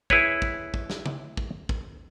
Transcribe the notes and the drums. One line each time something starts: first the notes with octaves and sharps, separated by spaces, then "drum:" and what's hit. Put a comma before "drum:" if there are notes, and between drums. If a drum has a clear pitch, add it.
E4 G#4 B4 C#5, drum: kick
drum: kick
drum: kick
drum: snare
drum: tom C#3
drum: kick
drum: kick